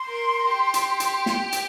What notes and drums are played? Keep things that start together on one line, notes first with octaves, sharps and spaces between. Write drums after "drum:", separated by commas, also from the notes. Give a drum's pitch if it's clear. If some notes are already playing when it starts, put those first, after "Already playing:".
Already playing: C6
A#4
G4
drum: hi-hat
drum: hi-hat
drum: snare
drum: hi-hat